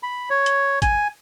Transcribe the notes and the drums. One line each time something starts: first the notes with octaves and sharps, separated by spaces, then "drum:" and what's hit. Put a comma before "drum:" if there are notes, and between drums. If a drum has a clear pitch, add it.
B5
C#5
drum: hi-hat
G#5, drum: kick, hi-hat